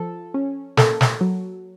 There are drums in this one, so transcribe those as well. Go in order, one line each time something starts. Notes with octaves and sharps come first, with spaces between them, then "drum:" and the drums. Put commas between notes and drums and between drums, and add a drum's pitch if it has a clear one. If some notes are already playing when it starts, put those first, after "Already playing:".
Already playing: F3 A4
C#4
A#3 A4, drum: snare
drum: snare
F#3